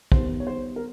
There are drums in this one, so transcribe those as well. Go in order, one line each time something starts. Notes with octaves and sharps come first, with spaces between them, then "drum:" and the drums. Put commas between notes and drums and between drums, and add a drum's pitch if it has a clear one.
D#3 G3 B3 C5, drum: kick
C#5
C5
A#4